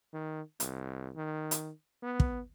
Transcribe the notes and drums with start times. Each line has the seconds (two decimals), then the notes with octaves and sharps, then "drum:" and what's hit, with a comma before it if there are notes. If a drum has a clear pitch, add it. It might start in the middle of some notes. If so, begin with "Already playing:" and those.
0.13 D#3
0.60 C2, drum: hi-hat
1.16 D#3
1.51 drum: hi-hat
2.03 B3
2.20 drum: kick